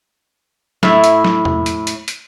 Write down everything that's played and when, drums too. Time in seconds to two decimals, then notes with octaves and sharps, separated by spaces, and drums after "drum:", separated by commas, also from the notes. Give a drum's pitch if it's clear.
0.83 A2 E4, drum: snare F#3
1.04 drum: hi-hat
1.24 drum: snare F#3
1.45 drum: tom
1.66 drum: hi-hat
1.87 drum: hi-hat
2.08 drum: hi-hat